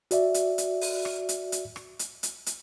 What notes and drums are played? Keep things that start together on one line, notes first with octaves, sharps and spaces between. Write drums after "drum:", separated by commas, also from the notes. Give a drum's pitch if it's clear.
F#4 D5 E5, drum: hi-hat
drum: hi-hat
drum: hi-hat
drum: open hi-hat
drum: rim click
drum: hi-hat
drum: hi-hat
drum: rim click
drum: hi-hat
drum: hi-hat
drum: hi-hat